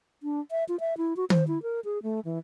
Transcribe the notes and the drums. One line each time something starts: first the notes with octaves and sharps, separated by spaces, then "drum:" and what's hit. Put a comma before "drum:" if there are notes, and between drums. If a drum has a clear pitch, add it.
D4
E5
F4
E5
E4
F#4
C5, drum: tom D#3
E4
A#4
G#4
A3
E3